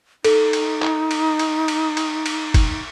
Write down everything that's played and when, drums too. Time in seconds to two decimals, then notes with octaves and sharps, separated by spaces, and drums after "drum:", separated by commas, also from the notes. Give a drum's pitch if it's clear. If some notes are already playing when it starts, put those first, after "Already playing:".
0.25 D#4 A4, drum: cymbal
0.53 drum: cymbal
0.82 drum: clap
1.11 drum: cymbal
1.39 drum: cymbal
1.68 drum: cymbal
1.97 drum: cymbal
2.26 drum: cymbal
2.54 drum: kick, cymbal